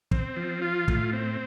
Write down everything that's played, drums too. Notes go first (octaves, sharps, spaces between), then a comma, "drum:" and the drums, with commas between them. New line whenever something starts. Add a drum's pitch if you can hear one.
C4, drum: kick
F3
F4
A2, drum: kick
C4